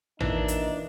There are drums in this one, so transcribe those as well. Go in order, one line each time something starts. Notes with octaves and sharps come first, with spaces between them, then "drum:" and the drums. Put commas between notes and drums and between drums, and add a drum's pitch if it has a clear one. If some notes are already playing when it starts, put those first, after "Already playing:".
A#2 E3 D4 D#4, drum: tom A1
drum: hi-hat